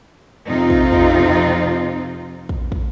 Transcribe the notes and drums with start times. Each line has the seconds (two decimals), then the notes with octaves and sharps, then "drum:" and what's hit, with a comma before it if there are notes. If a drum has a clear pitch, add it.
0.48 F2 C3 C4 D#4 F4
0.70 drum: kick
0.93 drum: kick
2.49 drum: kick
2.72 drum: kick